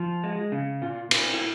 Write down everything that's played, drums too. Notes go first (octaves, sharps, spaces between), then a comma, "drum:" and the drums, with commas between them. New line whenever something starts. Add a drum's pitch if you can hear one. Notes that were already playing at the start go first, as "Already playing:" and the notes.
Already playing: F3
G#3
C#3
A#2 F4
A#2, drum: cymbal
E4